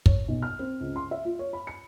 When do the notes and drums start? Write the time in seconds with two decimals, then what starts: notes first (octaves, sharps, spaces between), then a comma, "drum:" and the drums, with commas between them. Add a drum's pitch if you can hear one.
0.06 C#5, drum: kick
0.28 B1
0.42 F6
0.59 C4
0.80 C#2
0.96 C6
1.11 E5
1.25 F4
1.39 C#5
1.53 B5
1.67 C#7